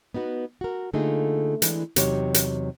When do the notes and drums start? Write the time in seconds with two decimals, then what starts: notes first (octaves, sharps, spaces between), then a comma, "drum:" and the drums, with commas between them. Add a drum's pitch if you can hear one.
0.14 B3 D#4 F#4 B4
0.61 F#4 A#4
0.93 D3 A3 A#3 D#4 F4 G#4
1.62 E3 G#3 D4, drum: hi-hat
1.96 E2 C3 F#3 D#4 G4 C#5, drum: hi-hat
2.34 drum: hi-hat